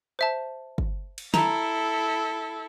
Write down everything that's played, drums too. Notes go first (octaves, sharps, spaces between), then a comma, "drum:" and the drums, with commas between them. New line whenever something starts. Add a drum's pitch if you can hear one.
C5 E5 A5
drum: kick
drum: cymbal
E4 A4 A#5, drum: snare